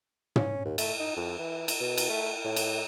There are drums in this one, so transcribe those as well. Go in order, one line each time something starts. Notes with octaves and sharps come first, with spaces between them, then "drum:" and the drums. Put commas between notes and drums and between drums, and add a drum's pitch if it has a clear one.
C#4, drum: tom
D#2
A3, drum: cymbal
D#4
F2
E3
drum: cymbal
B2
drum: cymbal
A3
A2
drum: cymbal